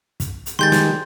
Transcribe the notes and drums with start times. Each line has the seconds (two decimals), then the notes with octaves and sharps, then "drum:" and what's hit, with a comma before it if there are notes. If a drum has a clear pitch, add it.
0.20 drum: kick, hi-hat
0.46 drum: hi-hat
0.59 D#3 G3 G#3 C6 G6 A6
0.72 drum: snare